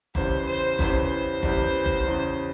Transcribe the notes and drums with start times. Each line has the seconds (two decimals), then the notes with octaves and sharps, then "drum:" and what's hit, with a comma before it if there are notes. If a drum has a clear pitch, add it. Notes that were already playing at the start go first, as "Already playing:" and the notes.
0.15 E2 C#3 E3 G3 C5, drum: kick F#1
0.47 C5
0.79 E2 C#3 E3 G3 C5, drum: kick F#1
1.43 E2 C#3 E3 G3, drum: kick F#1
1.86 drum: kick F#1
2.07 E2 C#3 E3 G3